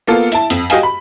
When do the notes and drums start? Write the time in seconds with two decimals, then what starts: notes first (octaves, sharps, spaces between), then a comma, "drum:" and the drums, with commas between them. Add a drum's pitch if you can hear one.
0.08 A#3 B3 F4 A4
0.32 E4 A5, drum: hi-hat
0.50 F2, drum: hi-hat
0.70 F#4 G4 D#5 F5 G#5, drum: hi-hat
0.83 B5